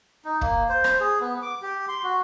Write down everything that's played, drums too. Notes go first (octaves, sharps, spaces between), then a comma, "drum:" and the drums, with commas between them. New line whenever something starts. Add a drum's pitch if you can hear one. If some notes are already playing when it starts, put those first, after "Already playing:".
D#4
A#3, drum: kick
C5
drum: rim click
G#4
B3
D6
G4
C6
F#4